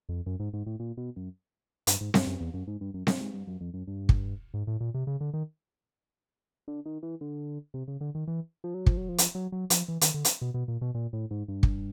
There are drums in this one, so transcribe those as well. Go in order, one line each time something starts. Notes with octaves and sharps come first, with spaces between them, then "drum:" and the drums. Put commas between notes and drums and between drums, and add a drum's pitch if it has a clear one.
F2
F#2
G#2
G#2
A2
A#2
B2
F#2
G2, drum: hi-hat
G#2
G2, drum: snare C4
F#2
E2
F#2
G#2
G2
F#2
G2, drum: snare C4
G#2
G2
F#2
F2
F#2
G2
drum: kick
G#2
A2
A#2
C3
C#3
D3
D#3
D3
D#3
E3
D3
C3
C#3
D3
D#3
E3
F3
F#3
F3, drum: kick
F#3
F3
drum: hi-hat
F#3
F#3
F3, drum: hi-hat
E3
D#3, drum: hi-hat
D3
drum: hi-hat
B2
B2
A#2
B2
A#2
A2
G#2
G2
drum: kick